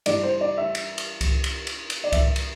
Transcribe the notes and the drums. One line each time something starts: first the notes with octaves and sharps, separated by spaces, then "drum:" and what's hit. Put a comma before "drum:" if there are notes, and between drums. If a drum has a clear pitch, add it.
G2 E3 G3 D5, drum: cymbal
C5
D5
E5
drum: cymbal
drum: cymbal
drum: kick C2, cymbal
drum: cymbal
drum: cymbal
drum: cymbal
D5
E5, drum: kick C2, cymbal
drum: cymbal